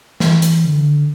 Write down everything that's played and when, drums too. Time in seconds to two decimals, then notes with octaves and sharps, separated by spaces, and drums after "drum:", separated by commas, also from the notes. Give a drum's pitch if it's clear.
0.20 E3, drum: snare
0.42 drum: hi-hat
0.65 D3